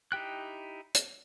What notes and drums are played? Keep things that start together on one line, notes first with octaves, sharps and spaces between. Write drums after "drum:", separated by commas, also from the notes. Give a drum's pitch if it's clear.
D#4 E4 G4 G5 F#6
drum: hi-hat